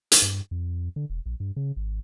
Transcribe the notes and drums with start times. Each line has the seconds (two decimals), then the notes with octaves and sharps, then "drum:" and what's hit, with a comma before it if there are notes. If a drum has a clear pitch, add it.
0.12 drum: hi-hat
0.22 G2
0.51 F2
0.96 D3
1.10 E1
1.26 A#1
1.40 G2
1.56 C#3
1.76 G#1